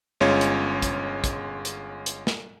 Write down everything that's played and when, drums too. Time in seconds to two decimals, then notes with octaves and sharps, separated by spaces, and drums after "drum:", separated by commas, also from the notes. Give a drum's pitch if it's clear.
0.21 G1 G#3 C#4 F4 C#5
0.41 drum: hi-hat
0.82 drum: kick, hi-hat
1.24 drum: kick, hi-hat
1.65 drum: hi-hat
2.06 drum: hi-hat
2.27 drum: snare